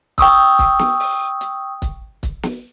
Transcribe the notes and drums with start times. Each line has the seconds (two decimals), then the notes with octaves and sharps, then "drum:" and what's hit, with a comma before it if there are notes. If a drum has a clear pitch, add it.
0.18 G5 C#6 D#6 E6, drum: kick, hi-hat
0.59 drum: kick, hi-hat
0.79 drum: snare
1.00 drum: open hi-hat
1.41 drum: hi-hat
1.82 drum: kick, hi-hat
2.23 drum: kick, hi-hat
2.43 drum: snare